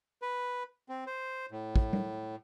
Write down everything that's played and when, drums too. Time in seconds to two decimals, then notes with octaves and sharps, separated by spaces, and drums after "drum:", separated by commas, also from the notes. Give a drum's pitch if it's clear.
0.22 B4
0.89 C4
1.07 C5
1.51 A2
1.76 drum: kick
1.93 drum: tom G3